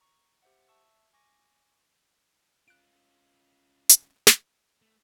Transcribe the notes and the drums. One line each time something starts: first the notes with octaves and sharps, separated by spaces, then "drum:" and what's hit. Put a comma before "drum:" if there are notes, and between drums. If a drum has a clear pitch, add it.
A#5 C#6
G4 C5 E5 F#5
E5 A5 C#6 E6
G#5 C#6 D6 A#6
C#4 F4 F#6 D7
drum: hi-hat
drum: snare
A3